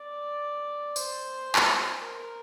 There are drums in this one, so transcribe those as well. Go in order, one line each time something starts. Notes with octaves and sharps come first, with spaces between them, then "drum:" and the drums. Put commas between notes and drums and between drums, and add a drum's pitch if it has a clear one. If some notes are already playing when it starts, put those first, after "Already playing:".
Already playing: D5
C5, drum: tambourine
drum: clap
A#4